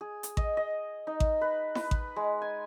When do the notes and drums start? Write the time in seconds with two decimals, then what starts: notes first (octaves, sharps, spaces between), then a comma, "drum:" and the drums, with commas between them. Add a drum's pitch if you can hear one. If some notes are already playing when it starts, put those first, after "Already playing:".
0.01 G#4
0.23 drum: hi-hat
0.37 D#5, drum: kick A1
0.57 D#5
1.07 D#4
1.20 drum: kick A1
1.41 B4
1.75 B4, drum: snare E4
1.91 drum: kick A1
2.16 G#3
2.42 G#5